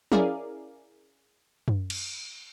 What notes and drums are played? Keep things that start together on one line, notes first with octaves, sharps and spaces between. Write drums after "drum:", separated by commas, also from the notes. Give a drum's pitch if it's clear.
C#4 E4 G#4 A#4 D5 F5, drum: tom F3
drum: tom F#2
drum: cymbal